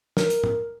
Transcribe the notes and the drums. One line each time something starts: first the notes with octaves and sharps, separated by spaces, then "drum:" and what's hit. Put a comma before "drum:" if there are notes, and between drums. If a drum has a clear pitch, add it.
A#4, drum: snare
drum: hi-hat
drum: tom